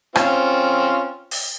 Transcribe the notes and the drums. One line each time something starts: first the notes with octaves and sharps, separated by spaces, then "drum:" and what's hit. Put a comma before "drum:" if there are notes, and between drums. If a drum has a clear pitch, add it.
C4 C#4 F4, drum: rim click
drum: open hi-hat